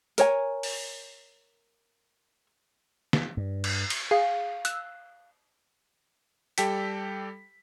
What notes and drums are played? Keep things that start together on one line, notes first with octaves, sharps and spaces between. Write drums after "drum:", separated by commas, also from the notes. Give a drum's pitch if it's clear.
A#4 C#5 G#5, drum: hi-hat
drum: open hi-hat
drum: snare
G2
drum: cymbal
drum: cymbal
G#4 F5
E6 F#6, drum: hi-hat
G3 G4 A4 G5 B6, drum: hi-hat